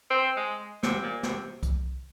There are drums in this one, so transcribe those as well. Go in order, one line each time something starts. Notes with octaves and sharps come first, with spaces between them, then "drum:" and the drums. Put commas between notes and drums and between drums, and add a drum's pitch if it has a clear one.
C4
G#3
C3, drum: snare
A#2
C3, drum: snare
drum: kick C2, hi-hat